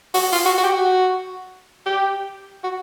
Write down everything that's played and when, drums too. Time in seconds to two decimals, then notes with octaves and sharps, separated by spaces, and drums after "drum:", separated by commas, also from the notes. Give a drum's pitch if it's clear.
0.14 F#4, drum: open hi-hat
0.32 F4, drum: open hi-hat
0.46 F#4
0.58 F#4
0.64 G4
0.72 F#4
1.86 G4
2.64 F#4